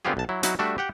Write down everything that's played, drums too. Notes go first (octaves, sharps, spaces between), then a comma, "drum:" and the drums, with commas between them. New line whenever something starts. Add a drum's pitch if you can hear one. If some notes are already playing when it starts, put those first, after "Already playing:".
D3 B3 C4 F4 G4 G#4
B1 A5
F#3 E4
F#3 D#4 E4 F#4, drum: hi-hat
G3 A3 D4 F#4 E5
G4 F#5 G5